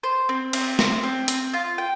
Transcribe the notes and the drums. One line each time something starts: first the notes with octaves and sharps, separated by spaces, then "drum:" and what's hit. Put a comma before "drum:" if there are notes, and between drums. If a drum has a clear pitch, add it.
C5
C4
C4, drum: cymbal
C4, drum: snare
C4
C4, drum: hi-hat
F4
G5